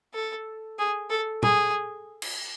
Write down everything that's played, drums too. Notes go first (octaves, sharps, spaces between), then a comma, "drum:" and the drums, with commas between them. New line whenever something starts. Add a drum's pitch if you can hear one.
A4
G#4
A4
G#4, drum: tom A#2
drum: cymbal